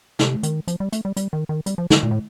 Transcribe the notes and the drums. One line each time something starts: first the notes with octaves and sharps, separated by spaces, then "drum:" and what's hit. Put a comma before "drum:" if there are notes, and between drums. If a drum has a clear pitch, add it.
C3, drum: snare
D#3, drum: hi-hat
F3, drum: hi-hat
G3
A3, drum: hi-hat
G3
G3, drum: hi-hat
D#3
D#3
G3, drum: hi-hat
F3
D3, drum: snare
A#2
A2